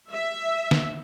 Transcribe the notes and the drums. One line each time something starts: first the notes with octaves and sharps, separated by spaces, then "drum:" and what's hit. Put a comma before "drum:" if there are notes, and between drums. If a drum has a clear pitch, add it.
E5
drum: snare